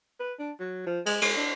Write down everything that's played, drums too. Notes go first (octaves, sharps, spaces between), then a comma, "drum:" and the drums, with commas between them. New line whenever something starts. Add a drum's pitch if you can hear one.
B4
D4
F#3
F3
G#3, drum: cymbal
G#3, drum: cymbal
D4